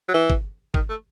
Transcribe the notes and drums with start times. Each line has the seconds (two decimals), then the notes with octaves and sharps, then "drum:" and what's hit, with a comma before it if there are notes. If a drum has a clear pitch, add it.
0.09 F#3
0.14 E3
0.30 drum: kick
0.74 D#3, drum: kick
0.89 A3